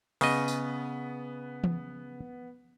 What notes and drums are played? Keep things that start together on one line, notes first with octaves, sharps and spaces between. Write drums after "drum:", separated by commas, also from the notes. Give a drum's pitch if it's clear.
C#3 B3 D#5, drum: open hi-hat
drum: tambourine
drum: tom E3